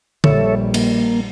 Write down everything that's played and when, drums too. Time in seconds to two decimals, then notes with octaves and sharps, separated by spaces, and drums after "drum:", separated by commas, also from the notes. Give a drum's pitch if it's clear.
0.24 A#1 G3 A4 C#5 E5, drum: tom
0.74 A#3, drum: cymbal